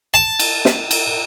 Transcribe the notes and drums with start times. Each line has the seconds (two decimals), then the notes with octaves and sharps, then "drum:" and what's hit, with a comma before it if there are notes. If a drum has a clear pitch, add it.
0.14 A5
0.39 drum: cymbal
0.65 drum: snare
0.91 drum: cymbal